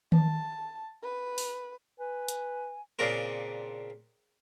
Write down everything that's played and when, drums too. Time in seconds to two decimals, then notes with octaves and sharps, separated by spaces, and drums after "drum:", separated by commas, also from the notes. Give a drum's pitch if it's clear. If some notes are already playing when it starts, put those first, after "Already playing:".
0.12 A5, drum: tom D#3
1.03 B4
1.38 drum: open hi-hat
1.99 B4 G#5
2.28 drum: hi-hat
2.99 A#2 C#3 C4 D4 A#4